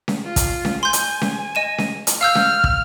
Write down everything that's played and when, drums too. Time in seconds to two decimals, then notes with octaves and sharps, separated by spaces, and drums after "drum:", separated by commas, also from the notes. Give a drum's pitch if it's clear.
0.08 drum: snare C#4
0.25 F4
0.36 drum: kick, hi-hat
0.65 drum: snare C#4
0.83 G#5 C6 G6
0.93 drum: hi-hat
1.21 drum: snare C#4
1.55 D#5 D#7 E7
1.78 drum: snare C#4
2.07 drum: hi-hat
2.21 F5 E6 F6 G6
2.35 drum: snare C#4
2.64 drum: kick